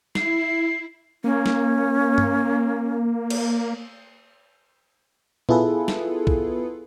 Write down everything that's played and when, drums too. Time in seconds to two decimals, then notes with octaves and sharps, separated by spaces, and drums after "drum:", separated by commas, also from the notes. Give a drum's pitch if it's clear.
0.15 E4 C7, drum: snare
1.24 A#3 C#4
1.46 drum: snare
2.18 drum: tom G2
3.30 drum: cymbal
5.49 B3 E4 F4 G#4 A4 B4, drum: tom A#2
5.88 drum: snare
6.27 drum: kick B1